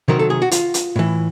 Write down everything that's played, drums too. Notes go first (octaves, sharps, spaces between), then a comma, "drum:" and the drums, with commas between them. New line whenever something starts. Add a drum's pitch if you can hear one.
C3 D#3 F#3 A#4
A4
G#4
F#4
F4, drum: hi-hat
drum: hi-hat
A2 E3